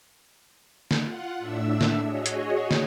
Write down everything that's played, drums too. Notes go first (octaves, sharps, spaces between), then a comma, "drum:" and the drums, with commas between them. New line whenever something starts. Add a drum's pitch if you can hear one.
drum: snare
F4 F#5
A2 D4 E5 E6
drum: snare
F#4 G#4 C#5 D#5
drum: hi-hat
drum: snare